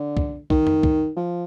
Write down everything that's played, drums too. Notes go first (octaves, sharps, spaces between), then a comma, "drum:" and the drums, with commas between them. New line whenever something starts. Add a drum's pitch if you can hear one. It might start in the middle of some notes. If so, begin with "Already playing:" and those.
Already playing: D3
drum: kick
D#3, drum: kick
drum: tom F2
drum: kick
F3